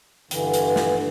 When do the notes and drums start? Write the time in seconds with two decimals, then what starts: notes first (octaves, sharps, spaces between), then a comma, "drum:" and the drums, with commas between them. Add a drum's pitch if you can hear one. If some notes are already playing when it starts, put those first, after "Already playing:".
0.31 G2 D3 E3, drum: hi-hat
0.54 drum: hi-hat
0.76 drum: snare